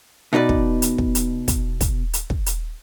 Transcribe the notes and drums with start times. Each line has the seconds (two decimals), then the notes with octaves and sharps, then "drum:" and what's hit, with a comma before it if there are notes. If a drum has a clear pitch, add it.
0.33 B2 D#4 B4 D5
0.49 drum: kick
0.82 drum: hi-hat
0.98 drum: kick
1.15 drum: hi-hat
1.48 drum: kick, hi-hat
1.81 drum: kick, hi-hat
2.13 drum: hi-hat
2.30 drum: kick
2.46 drum: hi-hat